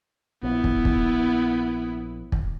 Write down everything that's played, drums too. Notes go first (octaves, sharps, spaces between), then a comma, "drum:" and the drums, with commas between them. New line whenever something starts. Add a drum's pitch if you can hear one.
A#1 B3 E4
drum: kick
drum: kick
drum: kick